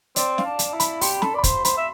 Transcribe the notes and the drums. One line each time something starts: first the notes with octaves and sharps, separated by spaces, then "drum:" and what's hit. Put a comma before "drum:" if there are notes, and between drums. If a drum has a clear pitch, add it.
C4 D5, drum: hi-hat
F5, drum: snare
D4
A5, drum: hi-hat
E4
B5, drum: hi-hat
G4 C6, drum: open hi-hat
A4 B5, drum: snare
D5 B5
C5 C6, drum: kick, hi-hat
C5 B5, drum: hi-hat
E5